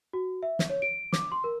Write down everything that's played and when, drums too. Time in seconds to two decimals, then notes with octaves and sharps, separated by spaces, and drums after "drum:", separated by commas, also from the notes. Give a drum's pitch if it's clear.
0.13 F#4
0.43 E5
0.59 drum: snare
0.70 C#5
0.82 D7
1.13 D6, drum: snare
1.32 C6
1.44 A#4